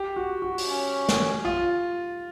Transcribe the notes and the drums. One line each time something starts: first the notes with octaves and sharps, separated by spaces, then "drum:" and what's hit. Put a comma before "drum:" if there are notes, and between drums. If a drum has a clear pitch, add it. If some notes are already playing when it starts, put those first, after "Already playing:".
Already playing: G4
F#4
F#4
drum: open hi-hat
C#4
drum: snare
F4